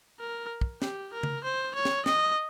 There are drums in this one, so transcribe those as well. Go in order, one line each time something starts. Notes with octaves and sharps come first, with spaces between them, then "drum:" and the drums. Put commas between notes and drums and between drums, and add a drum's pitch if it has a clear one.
A#4
drum: kick
G4, drum: snare
A#4
drum: tom C#3
C5
C#5
drum: snare
D#5, drum: snare